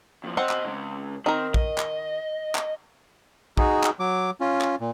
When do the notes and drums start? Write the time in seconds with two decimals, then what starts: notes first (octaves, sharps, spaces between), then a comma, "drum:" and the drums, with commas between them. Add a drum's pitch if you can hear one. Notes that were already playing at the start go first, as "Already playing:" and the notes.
0.24 D#2 F3
0.37 B2 C4 C5 D#5 F#5
0.49 drum: clap
0.65 C#3 G#3
1.26 D#3 C4 A#4
1.54 D#5, drum: kick
1.78 drum: clap
2.55 drum: clap
3.57 D#4 F#4 G#4, drum: kick
3.84 drum: clap
4.00 F#3 D6
4.41 C#4 F4
4.61 drum: clap
4.80 A#2